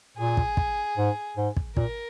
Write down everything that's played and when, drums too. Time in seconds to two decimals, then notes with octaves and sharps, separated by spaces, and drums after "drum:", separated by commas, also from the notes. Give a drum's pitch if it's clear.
0.17 A#2 G#4
0.37 drum: kick
0.57 drum: kick
0.98 G#2
1.37 G#2
1.57 drum: kick
1.77 A#2 A#4, drum: kick